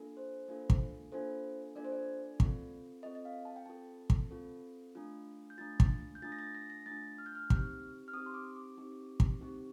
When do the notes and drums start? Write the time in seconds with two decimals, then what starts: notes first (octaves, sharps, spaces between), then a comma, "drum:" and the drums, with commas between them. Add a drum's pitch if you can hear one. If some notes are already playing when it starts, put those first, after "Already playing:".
Already playing: A#3 D4 F4 A4
0.17 C5
0.48 A#3 D4 F4 A4
0.70 drum: kick
1.12 A#3 D4 F4 A4 C5
1.76 A#3 D4 F4 A4 D5
1.85 C5
1.92 D5
2.40 C4 F4 A4, drum: kick
3.03 C4 F4 A4 D#5
3.15 D#5
3.25 F5
3.45 A5
3.56 G5
3.66 C4 F4 A4 A5
4.10 drum: kick
4.31 C4 F4 A4
4.95 A3 D4 F4
5.50 G6
5.58 A3 D4 F4 A6
5.80 drum: kick
6.15 G6
6.22 A3 D4 F4 A6
6.32 A#6
6.39 A6
6.55 A#6
6.70 A#6
6.86 A3 D4 F4 A6
7.18 F6
7.26 G6
7.35 F6
7.50 C4 D#4 G4, drum: kick
8.08 F6
8.13 C4 D#4 G4 D#6
8.26 C6
8.34 D6
8.56 D6
8.77 C4 D#4 G4
9.20 drum: kick
9.41 C4 D#4 G4